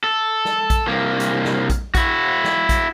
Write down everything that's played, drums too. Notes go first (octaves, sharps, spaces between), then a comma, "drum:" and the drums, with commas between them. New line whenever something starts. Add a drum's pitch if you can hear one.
A4
drum: snare
drum: kick A#1, hi-hat
C2 A#3
drum: hi-hat
drum: snare
drum: kick A#1, hi-hat
E4 F#4, drum: kick A#1, hi-hat
drum: snare
drum: kick A#1, hi-hat